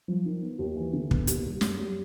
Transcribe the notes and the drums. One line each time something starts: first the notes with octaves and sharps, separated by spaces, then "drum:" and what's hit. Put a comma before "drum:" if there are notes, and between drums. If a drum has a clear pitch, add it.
F3
D#3
B3
D#2
E3
D3
B3, drum: kick
D#2, drum: hi-hat
G3
F#2, drum: snare
G3